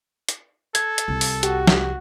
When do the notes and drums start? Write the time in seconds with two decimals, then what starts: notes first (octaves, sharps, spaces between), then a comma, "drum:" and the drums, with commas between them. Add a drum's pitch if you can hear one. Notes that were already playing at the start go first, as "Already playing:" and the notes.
0.29 drum: hi-hat
0.75 A4 G#6, drum: hi-hat
0.98 drum: hi-hat
1.08 C2
1.21 drum: open hi-hat
1.43 F#4 G4, drum: hi-hat
1.67 drum: snare